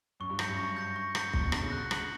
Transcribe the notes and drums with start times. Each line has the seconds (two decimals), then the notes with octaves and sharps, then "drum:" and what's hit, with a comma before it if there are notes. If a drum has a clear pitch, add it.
0.20 F#2 C#6
0.30 G2
0.39 F#2 G6 A#6 C#7, drum: rim click
0.49 G2
0.58 C#6
0.77 G6 A#6 C#7
0.96 C#6
1.15 G6 A#6 C#7, drum: rim click
1.33 A#2 C#6, drum: kick
1.43 B2
1.52 D3 G6 A#6 C#7, drum: rim click
1.62 C#3
1.72 F#6
1.91 C#7 F#7, drum: rim click